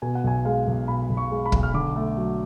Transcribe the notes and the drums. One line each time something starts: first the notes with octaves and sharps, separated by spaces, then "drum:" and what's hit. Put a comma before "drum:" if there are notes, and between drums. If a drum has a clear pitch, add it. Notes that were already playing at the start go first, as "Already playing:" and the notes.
B2 G#5
F#5
B1 G#5
G#3 F5
B1
B2 B5
B1
C#6
G#3
B5
B1, drum: kick
F6
D3 D6
A3
F#3